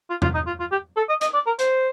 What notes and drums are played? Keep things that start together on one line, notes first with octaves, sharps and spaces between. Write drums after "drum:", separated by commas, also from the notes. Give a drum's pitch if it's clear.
F4
F4, drum: tom E2
D#4
F4
F4
G4
A4
D#5
D#5, drum: hi-hat
D5
A#4
C5, drum: hi-hat